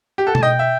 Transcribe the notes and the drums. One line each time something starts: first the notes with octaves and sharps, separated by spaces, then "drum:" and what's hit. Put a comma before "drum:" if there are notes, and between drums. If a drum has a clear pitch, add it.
G4
A4 F#5
A5, drum: tom B2
D#5 G5
E5